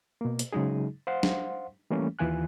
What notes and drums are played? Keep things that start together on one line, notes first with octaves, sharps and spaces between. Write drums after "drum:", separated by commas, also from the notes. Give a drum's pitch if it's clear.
B2 A#3
drum: hi-hat
C#3 F#3 G#3 D#4 G#4
C5 F5 F#5 C6
drum: snare
E3 G3 A3 A#3 C#4
D#2 E3 F4 G#5 F#6